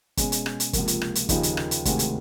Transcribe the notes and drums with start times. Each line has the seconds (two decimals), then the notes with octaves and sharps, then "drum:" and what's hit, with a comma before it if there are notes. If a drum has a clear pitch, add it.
0.17 B2 G#3 C#4, drum: kick, hi-hat
0.32 drum: hi-hat
0.46 drum: rim click
0.60 drum: hi-hat
0.73 C#2 C3 F3 A#3, drum: kick, hi-hat
0.88 drum: hi-hat
1.02 drum: rim click
1.15 drum: hi-hat
1.29 D#2 C#3 F3 A#3 D#4, drum: kick, hi-hat
1.43 drum: hi-hat
1.57 drum: rim click
1.71 drum: hi-hat
1.85 D2 C3 D#3 G#3, drum: kick, hi-hat
1.99 drum: hi-hat